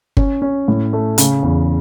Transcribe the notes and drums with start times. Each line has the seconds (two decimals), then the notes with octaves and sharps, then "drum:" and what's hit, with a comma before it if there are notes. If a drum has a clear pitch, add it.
0.17 C#4, drum: kick G1
0.42 C#4
0.68 A2
0.93 A3
1.18 C#3, drum: hi-hat
1.43 E2